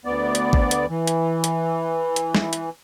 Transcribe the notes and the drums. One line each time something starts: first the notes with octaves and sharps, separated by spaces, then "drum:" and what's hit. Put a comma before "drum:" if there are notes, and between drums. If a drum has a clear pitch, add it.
D2 B3 D5
drum: hi-hat
drum: kick G#1
drum: hi-hat
E3
drum: hi-hat
drum: hi-hat
drum: hi-hat
drum: snare
drum: hi-hat